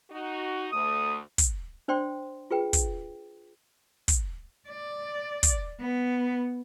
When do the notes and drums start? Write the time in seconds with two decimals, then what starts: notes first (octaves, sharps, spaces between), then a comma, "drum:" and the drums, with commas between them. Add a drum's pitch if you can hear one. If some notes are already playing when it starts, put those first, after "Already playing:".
0.11 D#4 F#4
0.72 D2 A3 D#6
1.38 drum: kick, hi-hat
1.88 D4 C5 D5 G5 C6
2.51 F4 G#4 B4 G5
2.73 drum: kick, hi-hat
4.08 drum: kick, hi-hat
4.69 D5
5.43 drum: kick, hi-hat
5.80 B3